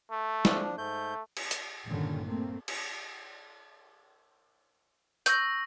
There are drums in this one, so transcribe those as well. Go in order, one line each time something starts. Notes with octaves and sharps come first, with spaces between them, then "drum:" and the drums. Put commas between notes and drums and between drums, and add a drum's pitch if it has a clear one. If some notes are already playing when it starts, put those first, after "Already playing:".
A3
F3 D4, drum: snare
G#2 A3 G6
drum: cymbal
drum: hi-hat
G2 A#2 D3 D#3 C#4
A3 A#3 C4
drum: cymbal
C#6 E6 G6 A#6, drum: hi-hat